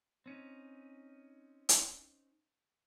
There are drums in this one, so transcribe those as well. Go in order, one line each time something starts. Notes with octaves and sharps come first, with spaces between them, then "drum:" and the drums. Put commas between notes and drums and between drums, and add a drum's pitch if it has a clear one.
C4 C#4 D#4
drum: hi-hat